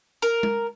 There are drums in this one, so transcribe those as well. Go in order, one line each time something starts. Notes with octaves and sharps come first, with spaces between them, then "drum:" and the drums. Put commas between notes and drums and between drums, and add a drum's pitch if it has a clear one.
A#4, drum: tambourine
drum: tom